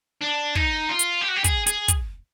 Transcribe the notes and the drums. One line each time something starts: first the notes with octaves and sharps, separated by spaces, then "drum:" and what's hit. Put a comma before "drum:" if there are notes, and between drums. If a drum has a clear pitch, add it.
D4
D#4, drum: kick
F4
drum: hi-hat
G4
F#4
G4
G#4, drum: kick, hi-hat
G#4, drum: hi-hat
drum: kick, hi-hat